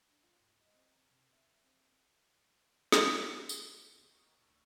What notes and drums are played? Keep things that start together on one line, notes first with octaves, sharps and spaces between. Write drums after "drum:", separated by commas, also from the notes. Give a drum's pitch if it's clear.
D4
F4
G#2
D#5
C4
A#5
C3
E5
C4
drum: snare
A#2
F#3 D4, drum: tambourine
F#4
D2 C#3 C4 D#5
A#3 F#4 C#5 D#5 G5
D2 A#2 C#6 E6